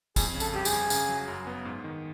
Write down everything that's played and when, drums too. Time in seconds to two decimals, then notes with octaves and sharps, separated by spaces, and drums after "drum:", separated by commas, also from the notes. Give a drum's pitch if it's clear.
0.16 F2 G#4, drum: kick A1, tambourine
0.34 C#3
0.40 A4, drum: tambourine
0.53 G1 G4
0.65 G#4, drum: tambourine
0.72 G1
0.90 C#3, drum: tambourine
1.09 F#3
1.28 F#2
1.47 B3
1.65 G#2
1.84 D#3